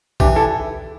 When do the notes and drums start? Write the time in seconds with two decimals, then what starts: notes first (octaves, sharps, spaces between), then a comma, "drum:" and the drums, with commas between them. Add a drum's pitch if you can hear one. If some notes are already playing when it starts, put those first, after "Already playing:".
0.20 E3 D4 G4, drum: kick B1
0.36 E4 A4